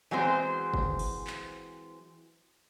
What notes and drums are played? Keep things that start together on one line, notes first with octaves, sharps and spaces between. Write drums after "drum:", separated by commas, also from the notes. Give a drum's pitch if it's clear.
E3 F#3 G#3 C4 C5
drum: kick
drum: open hi-hat
drum: clap